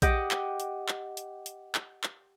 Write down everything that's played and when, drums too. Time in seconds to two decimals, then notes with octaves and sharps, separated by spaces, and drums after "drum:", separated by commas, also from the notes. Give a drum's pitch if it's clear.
0.02 G4 D#5 F#5 D6 D#6 G6, drum: kick A#1, hi-hat
0.31 drum: clap
0.60 drum: hi-hat
0.88 drum: clap
1.17 drum: hi-hat
1.46 drum: hi-hat
1.75 drum: clap
2.03 drum: clap